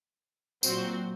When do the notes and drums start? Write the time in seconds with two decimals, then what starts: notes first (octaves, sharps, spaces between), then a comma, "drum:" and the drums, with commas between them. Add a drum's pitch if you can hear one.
0.63 A#2 F#3 C4 F#4 C5, drum: tambourine